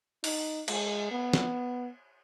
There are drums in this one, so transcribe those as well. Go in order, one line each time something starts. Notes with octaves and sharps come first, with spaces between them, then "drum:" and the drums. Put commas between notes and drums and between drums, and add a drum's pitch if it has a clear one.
D#4, drum: open hi-hat
G#3, drum: cymbal
B3
drum: snare